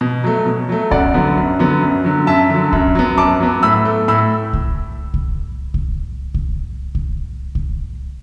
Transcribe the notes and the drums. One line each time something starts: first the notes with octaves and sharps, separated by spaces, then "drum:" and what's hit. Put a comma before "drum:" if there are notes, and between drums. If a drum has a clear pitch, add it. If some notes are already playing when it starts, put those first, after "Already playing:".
B2
F#3 A3
B2
F#3 A3
F#2 D5 F#5, drum: kick C2
D3 F#3 B3
F#2
D3 F#3 B3
F#2
D3 F#3
F#2 E5 A5
D3 F#3
F#2, drum: kick C2
F#3 B3
F#2 A5 D6
F#3 B3
A2 B5 E6
A3
A2 B5 E6
drum: kick C2
drum: kick C2
drum: kick C2
drum: kick C2
drum: kick C2
drum: kick C2